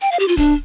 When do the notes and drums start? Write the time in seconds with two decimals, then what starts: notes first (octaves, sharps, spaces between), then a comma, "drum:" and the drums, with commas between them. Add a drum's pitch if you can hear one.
0.02 G5
0.12 F5
0.19 G4
0.28 F4
0.37 D4, drum: kick D1